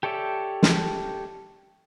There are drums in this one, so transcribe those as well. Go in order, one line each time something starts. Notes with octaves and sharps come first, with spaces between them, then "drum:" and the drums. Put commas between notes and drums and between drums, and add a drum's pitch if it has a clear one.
G4 A4 C#5 D5 E5
drum: snare